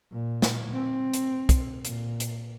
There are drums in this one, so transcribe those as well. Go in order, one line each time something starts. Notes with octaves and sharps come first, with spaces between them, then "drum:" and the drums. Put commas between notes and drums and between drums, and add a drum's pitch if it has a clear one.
A#2
drum: snare
C4
drum: hi-hat
drum: kick, hi-hat
A#2, drum: hi-hat
drum: hi-hat